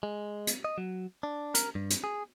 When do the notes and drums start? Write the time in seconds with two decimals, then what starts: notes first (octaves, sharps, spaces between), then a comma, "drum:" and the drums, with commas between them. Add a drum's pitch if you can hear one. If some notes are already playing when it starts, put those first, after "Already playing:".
0.03 G#3
0.47 drum: hi-hat
0.65 D#5
0.78 F#3
1.23 D4
1.54 A#4, drum: hi-hat
1.75 G2
1.90 drum: hi-hat
2.04 G#4